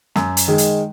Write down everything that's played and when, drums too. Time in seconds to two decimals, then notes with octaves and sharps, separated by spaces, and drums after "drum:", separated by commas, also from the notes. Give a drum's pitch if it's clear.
0.16 F#2, drum: snare
0.37 drum: hi-hat
0.48 D#3 G#3
0.58 drum: hi-hat